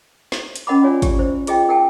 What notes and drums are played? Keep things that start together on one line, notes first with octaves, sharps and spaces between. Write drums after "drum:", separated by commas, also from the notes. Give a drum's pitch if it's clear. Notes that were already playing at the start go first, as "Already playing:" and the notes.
drum: snare
drum: hi-hat
C#4 A#4 D#5 F#5 B5 D6
F4 F#4 C#5 D5 G#5
G4, drum: kick, hi-hat
C5
F4 G#4 D#5 G5, drum: hi-hat
D#4 A#4 F#5 G5 A5